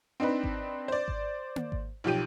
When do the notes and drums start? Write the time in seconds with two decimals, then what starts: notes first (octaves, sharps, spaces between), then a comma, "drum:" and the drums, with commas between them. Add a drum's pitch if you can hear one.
0.20 C4 D4 D#4 B4
0.44 drum: kick G#1
0.88 C5 D5
1.08 drum: kick G#1
1.56 drum: tom A#3
1.72 drum: kick G#1
2.04 B1 F3 G4 D#7